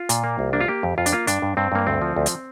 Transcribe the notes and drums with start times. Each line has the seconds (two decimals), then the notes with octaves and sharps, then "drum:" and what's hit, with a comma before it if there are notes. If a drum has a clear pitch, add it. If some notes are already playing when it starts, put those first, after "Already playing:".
Already playing: F4
0.09 A#2, drum: hi-hat
0.24 A#3
0.39 C2
0.53 A#3 D4
0.61 F4
0.68 A#3 G4
0.83 F2
0.98 F2 F4
1.06 D4, drum: hi-hat
1.12 A#3 F4
1.27 G2 D4, drum: hi-hat
1.42 G2
1.57 G2 C4
1.72 G2 A#3
1.87 D2 C4
2.02 F3
2.16 D2
2.26 drum: hi-hat